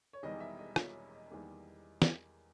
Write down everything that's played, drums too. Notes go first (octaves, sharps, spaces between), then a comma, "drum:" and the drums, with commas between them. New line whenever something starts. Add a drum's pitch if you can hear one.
C#5
E1 E2 D#3 G3 D#5
E5
D#5
C#5, drum: rim click
D#5
E2 D#3 G3 A#3
drum: snare